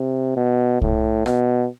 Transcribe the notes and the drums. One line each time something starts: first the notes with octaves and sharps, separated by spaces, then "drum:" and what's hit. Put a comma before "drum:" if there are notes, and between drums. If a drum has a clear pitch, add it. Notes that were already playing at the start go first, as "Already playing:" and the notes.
Already playing: C3
B2
A2, drum: kick C2
B2, drum: rim click